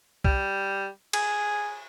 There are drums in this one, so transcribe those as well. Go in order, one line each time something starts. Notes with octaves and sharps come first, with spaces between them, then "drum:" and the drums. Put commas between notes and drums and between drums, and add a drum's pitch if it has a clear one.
G3, drum: kick B1
G#4, drum: cymbal